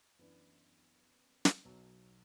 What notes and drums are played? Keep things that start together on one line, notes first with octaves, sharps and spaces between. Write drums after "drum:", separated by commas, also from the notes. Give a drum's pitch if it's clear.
F#2 E3 B3 D4
drum: snare
B1 B2 F#3